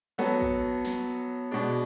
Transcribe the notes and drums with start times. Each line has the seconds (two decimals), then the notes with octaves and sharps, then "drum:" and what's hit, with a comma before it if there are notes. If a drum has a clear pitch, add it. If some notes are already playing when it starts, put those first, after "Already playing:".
0.18 F#3 B3 F#4 A4
0.41 drum: kick A1
0.85 drum: snare
1.51 B2 G#3 D4